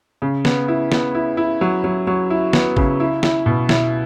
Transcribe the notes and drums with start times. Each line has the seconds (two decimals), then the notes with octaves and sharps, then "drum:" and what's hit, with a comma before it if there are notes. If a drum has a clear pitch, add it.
0.22 C#3
0.45 B3, drum: snare
0.68 E4
0.92 B3, drum: snare
1.15 E4
1.37 E4
1.61 F#3
1.84 F#3
2.07 F#3
2.30 E4
2.53 B3, drum: snare
2.77 C#3, drum: kick
3.00 E4
3.23 E4, drum: snare
3.46 B2
3.69 E4, drum: snare